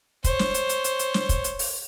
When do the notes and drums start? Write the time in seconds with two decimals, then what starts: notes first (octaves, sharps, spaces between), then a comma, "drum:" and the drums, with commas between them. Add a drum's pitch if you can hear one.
0.24 C5 C#5, drum: kick, hi-hat
0.39 drum: snare
0.54 drum: hi-hat
0.69 drum: hi-hat
0.84 drum: hi-hat
0.99 drum: hi-hat
1.14 drum: snare
1.29 drum: kick, hi-hat
1.44 drum: hi-hat
1.59 drum: open hi-hat